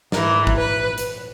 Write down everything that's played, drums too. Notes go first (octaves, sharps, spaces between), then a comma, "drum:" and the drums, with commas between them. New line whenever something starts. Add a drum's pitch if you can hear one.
G#2 E3 A#4, drum: snare
drum: kick G#1
B4
drum: hi-hat